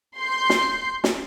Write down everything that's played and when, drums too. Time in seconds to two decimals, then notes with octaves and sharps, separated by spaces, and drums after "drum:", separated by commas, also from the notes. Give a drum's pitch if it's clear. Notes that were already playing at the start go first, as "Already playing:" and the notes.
0.19 C6 G6
0.50 drum: snare
1.04 drum: snare